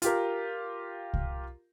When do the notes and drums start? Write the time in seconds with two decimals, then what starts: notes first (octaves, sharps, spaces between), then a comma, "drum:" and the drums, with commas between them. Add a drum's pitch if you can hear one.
0.02 F4 G4 A#4, drum: hi-hat
1.14 drum: kick C2